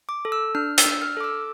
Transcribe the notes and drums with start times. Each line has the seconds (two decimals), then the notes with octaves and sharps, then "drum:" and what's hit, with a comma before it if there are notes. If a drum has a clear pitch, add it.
0.09 D6
0.25 A4
0.32 E6
0.55 D4 F6
0.78 E6, drum: hi-hat
0.86 D4
1.02 F6
1.17 A4 D6
1.24 E6